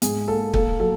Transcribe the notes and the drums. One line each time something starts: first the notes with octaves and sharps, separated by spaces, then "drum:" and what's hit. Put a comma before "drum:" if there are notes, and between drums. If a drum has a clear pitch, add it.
G#2 G#4, drum: hi-hat
A#3 A4
A#3 A4, drum: kick
F#3 A4